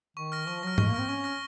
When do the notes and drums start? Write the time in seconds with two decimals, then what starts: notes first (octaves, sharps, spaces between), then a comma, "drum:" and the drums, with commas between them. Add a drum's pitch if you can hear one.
0.17 D#3 C#6
0.32 F6 A#6
0.47 F3 C#6
0.63 F#3 F6 A#6
0.78 G#3 C#6, drum: tom G#2
0.89 A#3
0.94 C4 F6 A#6
1.09 C#4 C#6
1.24 F6 A#6